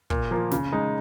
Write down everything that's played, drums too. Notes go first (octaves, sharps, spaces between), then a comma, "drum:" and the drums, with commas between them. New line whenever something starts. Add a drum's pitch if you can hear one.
A#2, drum: kick
F3 A#3
C#3, drum: snare
G#3 D#4